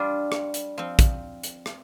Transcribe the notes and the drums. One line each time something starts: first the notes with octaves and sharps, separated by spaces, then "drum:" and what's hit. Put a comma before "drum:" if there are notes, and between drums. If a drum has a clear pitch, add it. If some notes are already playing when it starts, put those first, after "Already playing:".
Already playing: G3 D4 F4
drum: rim click
drum: hi-hat
F3 C4
drum: kick, hi-hat
drum: hi-hat
drum: rim click